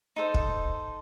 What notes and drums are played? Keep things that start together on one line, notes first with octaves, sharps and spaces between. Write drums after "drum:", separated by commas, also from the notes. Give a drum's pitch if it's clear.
D#4 A4 C5
drum: kick